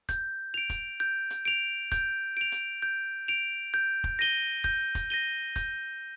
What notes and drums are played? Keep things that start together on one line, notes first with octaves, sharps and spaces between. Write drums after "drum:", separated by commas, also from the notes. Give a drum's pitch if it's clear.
G6, drum: kick F1, hi-hat
D7 F7
drum: kick F1, hi-hat
G6
drum: hi-hat
D7 F7
G6, drum: kick F1, hi-hat
D7 F7
drum: hi-hat
G6
D7 F7
G6
drum: kick F1
A#6 D#7 G7
G6, drum: kick F1
drum: kick F1, hi-hat
A#6 D#7 G7
G6, drum: kick F1, hi-hat